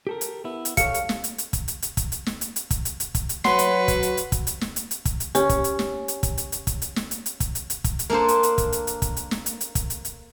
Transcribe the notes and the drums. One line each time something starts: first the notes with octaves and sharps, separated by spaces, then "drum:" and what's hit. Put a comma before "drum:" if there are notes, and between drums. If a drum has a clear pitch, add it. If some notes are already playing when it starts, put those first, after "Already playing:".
G4 A4 A#4
drum: hi-hat
B3 E4
drum: hi-hat
G4 A4 C#5 F5 C#7, drum: kick, hi-hat
drum: hi-hat
drum: snare
drum: hi-hat
drum: hi-hat
drum: kick, hi-hat
drum: hi-hat
drum: hi-hat
drum: kick, hi-hat
drum: hi-hat
drum: snare
drum: hi-hat
drum: hi-hat
drum: kick, hi-hat
drum: hi-hat
drum: hi-hat
drum: kick, hi-hat
drum: hi-hat
F#3 B4 F#5 C6 C7, drum: snare
drum: hi-hat
drum: kick, hi-hat
drum: hi-hat
drum: hi-hat
drum: kick, hi-hat
drum: hi-hat
drum: snare
drum: hi-hat
drum: hi-hat
drum: kick, hi-hat
drum: hi-hat
C#4 G4, drum: hi-hat
drum: kick, hi-hat
drum: hi-hat
drum: snare
drum: hi-hat
drum: kick, hi-hat
drum: hi-hat
drum: hi-hat
drum: kick, hi-hat
drum: hi-hat
drum: snare
drum: hi-hat
drum: hi-hat
drum: kick, hi-hat
drum: hi-hat
drum: hi-hat
drum: kick, hi-hat
drum: hi-hat
A#3 D4 A4 C5
drum: hi-hat
drum: hi-hat
drum: kick, hi-hat
drum: hi-hat
drum: hi-hat
drum: kick, hi-hat
drum: hi-hat
drum: snare
drum: hi-hat
drum: hi-hat
drum: kick, hi-hat
drum: hi-hat
drum: hi-hat